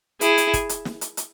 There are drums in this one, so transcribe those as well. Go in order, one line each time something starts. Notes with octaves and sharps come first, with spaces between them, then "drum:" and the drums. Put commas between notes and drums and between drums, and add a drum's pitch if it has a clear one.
E4 G#4, drum: hi-hat
drum: hi-hat
drum: kick, hi-hat
drum: hi-hat
drum: snare
drum: hi-hat
drum: hi-hat